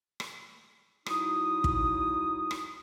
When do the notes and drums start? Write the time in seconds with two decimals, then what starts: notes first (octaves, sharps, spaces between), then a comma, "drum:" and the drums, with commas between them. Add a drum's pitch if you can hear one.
0.20 drum: rim click
1.06 F#3 D#4 E4 D#6, drum: rim click
1.64 drum: kick
2.51 drum: rim click